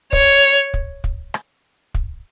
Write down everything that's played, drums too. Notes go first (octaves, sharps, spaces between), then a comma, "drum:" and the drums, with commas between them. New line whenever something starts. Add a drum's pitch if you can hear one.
C#5, drum: kick
drum: kick
drum: kick
drum: rim click
drum: kick